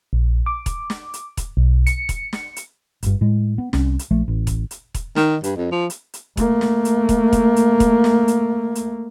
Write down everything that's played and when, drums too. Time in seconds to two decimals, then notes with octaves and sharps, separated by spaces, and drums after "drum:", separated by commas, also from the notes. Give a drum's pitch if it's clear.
0.13 A#1
0.46 D6
0.66 drum: kick E1, hi-hat
0.90 drum: snare
1.14 drum: hi-hat
1.37 drum: kick E1, hi-hat
1.57 B1
1.87 C#7, drum: hi-hat
2.09 drum: kick E1, hi-hat
2.33 drum: snare
2.56 drum: hi-hat
3.03 G1 G2, drum: hi-hat
3.21 A2 G#3
3.58 B3
3.73 C2 C#4, drum: snare
3.99 drum: hi-hat
4.11 A#1 F3 A3
4.28 A1
4.47 drum: kick E1, hi-hat
4.71 drum: hi-hat
4.94 drum: kick E1, hi-hat
5.16 D#3, drum: snare
5.44 G2, drum: hi-hat
5.57 F2
5.71 F3
5.90 drum: hi-hat
6.14 drum: hi-hat
6.37 A3 A#3, drum: kick E1, hi-hat
6.61 drum: snare
6.85 drum: hi-hat
7.09 drum: kick E1, hi-hat
7.33 drum: kick E1, hi-hat
7.56 drum: hi-hat
7.80 drum: kick E1, hi-hat
8.04 drum: snare
8.28 drum: hi-hat
8.75 drum: hi-hat